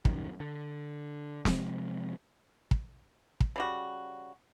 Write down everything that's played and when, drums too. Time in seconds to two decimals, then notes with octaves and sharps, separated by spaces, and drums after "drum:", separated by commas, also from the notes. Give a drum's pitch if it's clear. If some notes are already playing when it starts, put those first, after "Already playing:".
0.05 D#1 C2 F#2 D#3, drum: kick
0.40 D3
1.45 C3 F3 G#3 C4, drum: snare
2.71 drum: kick
3.40 drum: kick
3.56 C#3 G3 F#4